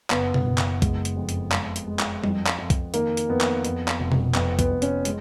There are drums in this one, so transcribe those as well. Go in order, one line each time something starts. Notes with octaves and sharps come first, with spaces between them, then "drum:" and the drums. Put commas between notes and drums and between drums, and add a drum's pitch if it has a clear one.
F#1 B3, drum: clap
drum: tom B2
F#1
drum: clap
G#3, drum: kick B1, hi-hat
drum: hi-hat
F2
drum: hi-hat
G#3, drum: clap
drum: hi-hat
G#3
drum: clap
F2, drum: tom G3
drum: clap
F2
drum: kick B1, hi-hat
D#3 A#3, drum: hi-hat
drum: hi-hat
F2 B3
drum: clap
F2, drum: hi-hat
drum: clap
F1
drum: tom B2
F2 B3, drum: clap
B3, drum: kick B1, hi-hat
F2
C#4, drum: hi-hat
G#3, drum: hi-hat